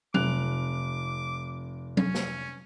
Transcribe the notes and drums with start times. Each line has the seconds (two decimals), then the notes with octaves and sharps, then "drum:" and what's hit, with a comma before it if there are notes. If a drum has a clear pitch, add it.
0.14 F1 D6 F#6 F7, drum: tom F#3
1.97 C#4, drum: tom F#3
2.14 drum: snare